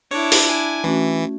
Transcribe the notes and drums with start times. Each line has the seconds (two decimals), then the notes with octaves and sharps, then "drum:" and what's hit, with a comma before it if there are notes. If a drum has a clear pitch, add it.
0.11 D4 E4 C#5
0.32 drum: open hi-hat
0.49 G#5
0.84 E3 A3 C#4 F#4